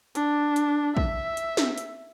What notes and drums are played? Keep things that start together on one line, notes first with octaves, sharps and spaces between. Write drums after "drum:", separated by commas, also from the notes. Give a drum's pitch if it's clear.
D4, drum: hi-hat
drum: hi-hat
E5, drum: kick A#1
drum: hi-hat
drum: snare
drum: hi-hat